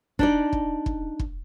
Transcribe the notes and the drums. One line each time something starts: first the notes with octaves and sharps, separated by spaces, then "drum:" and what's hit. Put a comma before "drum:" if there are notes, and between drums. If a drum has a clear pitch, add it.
D4 D#4 D5, drum: kick
drum: kick
drum: kick
drum: kick